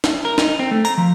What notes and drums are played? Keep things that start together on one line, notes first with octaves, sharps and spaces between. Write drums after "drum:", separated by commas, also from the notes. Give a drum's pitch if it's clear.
drum: snare
A#4
D#4, drum: snare
C4
A3
A#5, drum: tambourine
F3